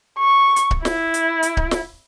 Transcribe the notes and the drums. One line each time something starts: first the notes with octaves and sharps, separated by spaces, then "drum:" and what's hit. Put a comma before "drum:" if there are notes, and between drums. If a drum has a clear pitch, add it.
C#6
drum: hi-hat
drum: kick C#1
E4, drum: snare
drum: hi-hat
drum: hi-hat
drum: kick C#1
drum: snare